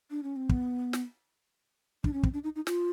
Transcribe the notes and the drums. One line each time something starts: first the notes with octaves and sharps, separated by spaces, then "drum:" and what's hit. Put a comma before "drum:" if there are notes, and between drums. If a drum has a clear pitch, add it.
D4
C#4
C4
B3, drum: kick
drum: snare
D4, drum: kick
C#4
C4, drum: kick
D4
D#4
D#4
F4, drum: snare